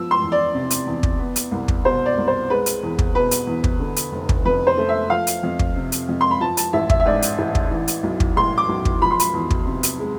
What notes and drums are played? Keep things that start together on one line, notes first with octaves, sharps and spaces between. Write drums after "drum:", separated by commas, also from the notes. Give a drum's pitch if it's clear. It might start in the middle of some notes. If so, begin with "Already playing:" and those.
Already playing: F3 B3 E6
C6
E2
D5
C3
drum: hi-hat
E2
drum: kick
B3
drum: hi-hat
C2
drum: kick
B2 C5
D5
C2
C5
G#3 B4
drum: hi-hat
E2
drum: kick
B2 B4
drum: hi-hat
E2
drum: kick
D3
drum: hi-hat
F1
drum: kick
F2 B4
C5
A3
E5
F3 F5
drum: hi-hat
F2
drum: kick
C3
drum: hi-hat
F2
C6
B5
F3 A5
A5, drum: hi-hat
A1 E5
E5, drum: kick
E5
G#2 D5
drum: hi-hat
A1
drum: kick
E3
drum: hi-hat
B1
drum: kick
A2 C6
D6
B1
drum: kick
F3 B5
C6
B5, drum: hi-hat
E2
drum: kick
C3
drum: hi-hat
G#3